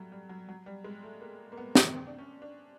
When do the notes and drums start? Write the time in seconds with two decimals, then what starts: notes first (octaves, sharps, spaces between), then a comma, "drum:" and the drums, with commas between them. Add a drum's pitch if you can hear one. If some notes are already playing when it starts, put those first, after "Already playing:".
Already playing: F#3 G3 A3
0.12 G3
0.29 F#3
0.48 F#3
0.66 G3
0.84 G#3
1.03 A3
1.21 A#3
1.52 A#3
1.57 B3
1.75 drum: snare
1.93 C4
2.07 D4
2.19 C#4
2.42 D4